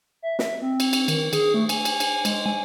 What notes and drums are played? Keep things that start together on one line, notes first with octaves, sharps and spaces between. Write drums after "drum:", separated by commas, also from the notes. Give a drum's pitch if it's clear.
E5
E5, drum: snare
C4
drum: cymbal
drum: cymbal
D#3, drum: cymbal
G#4, drum: cymbal
A3
G#5, drum: cymbal
drum: cymbal
G#5, drum: cymbal
G#3, drum: cymbal
G#5